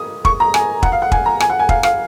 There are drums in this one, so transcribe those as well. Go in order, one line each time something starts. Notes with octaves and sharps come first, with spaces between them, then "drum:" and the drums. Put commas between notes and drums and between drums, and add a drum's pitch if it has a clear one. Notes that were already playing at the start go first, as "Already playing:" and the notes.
Already playing: D#6
C#6, drum: kick
A#5
G#5, drum: rim click
F#5, drum: kick
F5
F#5
G#5, drum: kick
A#5
G#5, drum: rim click
F#5
G#5
F5, drum: kick
F5, drum: rim click